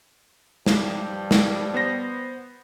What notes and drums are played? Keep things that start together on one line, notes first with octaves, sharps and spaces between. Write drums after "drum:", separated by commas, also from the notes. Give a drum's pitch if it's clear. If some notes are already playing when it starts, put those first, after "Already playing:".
G2 F3 G3, drum: snare
drum: snare
B3 C5 A#6